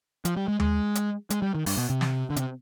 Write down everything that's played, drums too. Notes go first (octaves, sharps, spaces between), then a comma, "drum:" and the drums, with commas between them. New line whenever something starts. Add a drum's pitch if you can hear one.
F3, drum: hi-hat
G3
G#3
G#3, drum: tom D#2
drum: hi-hat
G#3, drum: hi-hat
G3
D#3
G2, drum: open hi-hat
B2
C3
drum: snare
D3
C3, drum: hi-hat